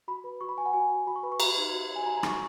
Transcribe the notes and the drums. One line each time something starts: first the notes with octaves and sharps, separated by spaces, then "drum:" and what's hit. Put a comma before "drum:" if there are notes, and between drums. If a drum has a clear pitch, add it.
F#4 B5
B4
F#4 C#6
B5
B4 G#5
F#5
F#4 G#5
F#4
F#4 B5
C#6
B4 B5
C#6
F#4 A#5, drum: cymbal
D#4
F#4
C#5
G#5
F#4 A#5
A#5
D#4 C#6, drum: rim click